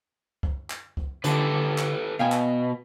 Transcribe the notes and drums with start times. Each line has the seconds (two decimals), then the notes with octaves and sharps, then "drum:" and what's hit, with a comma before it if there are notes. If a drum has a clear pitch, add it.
0.43 drum: kick
0.70 drum: clap
0.97 drum: kick
1.24 D3 G4 A4 B4, drum: hi-hat
1.78 drum: clap
2.19 B2 F5 G5 G#5
2.32 drum: clap